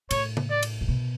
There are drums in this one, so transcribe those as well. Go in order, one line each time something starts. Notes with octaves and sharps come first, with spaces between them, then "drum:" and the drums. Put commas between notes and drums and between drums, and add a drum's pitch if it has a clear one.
A2 C#5, drum: cymbal
drum: tom C#3
D5
drum: cymbal
C3
B2